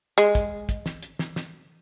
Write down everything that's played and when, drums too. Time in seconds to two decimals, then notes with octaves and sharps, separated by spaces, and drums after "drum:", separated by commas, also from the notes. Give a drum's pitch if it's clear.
0.18 G#3
0.35 drum: kick, hi-hat
0.69 drum: kick, hi-hat
0.86 drum: snare
1.03 drum: hi-hat
1.19 drum: snare
1.36 drum: snare